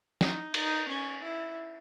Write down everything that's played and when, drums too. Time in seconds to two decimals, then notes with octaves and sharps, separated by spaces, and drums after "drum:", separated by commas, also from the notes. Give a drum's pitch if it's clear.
0.21 D#4, drum: snare
0.54 D#4, drum: cymbal
0.88 C#4
1.23 E4